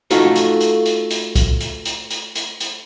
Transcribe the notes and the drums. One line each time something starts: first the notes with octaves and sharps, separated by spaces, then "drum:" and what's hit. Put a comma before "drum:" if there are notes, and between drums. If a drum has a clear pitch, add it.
A3 D#4 F4 F#4 A4, drum: hi-hat
drum: hi-hat
drum: hi-hat
drum: hi-hat
drum: hi-hat
drum: kick, hi-hat
drum: hi-hat
drum: hi-hat
drum: hi-hat
drum: hi-hat
drum: hi-hat